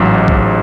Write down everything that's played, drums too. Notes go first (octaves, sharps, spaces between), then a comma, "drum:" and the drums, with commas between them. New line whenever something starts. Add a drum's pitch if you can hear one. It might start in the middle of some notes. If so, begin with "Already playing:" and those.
Already playing: A1 G#2 F#3
drum: kick B1